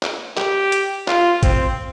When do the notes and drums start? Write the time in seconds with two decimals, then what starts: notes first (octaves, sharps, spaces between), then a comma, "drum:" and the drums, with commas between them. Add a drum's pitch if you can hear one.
0.02 drum: clap
0.37 G4, drum: clap
0.72 drum: hi-hat
1.08 F4, drum: clap
1.43 C4, drum: kick A1, hi-hat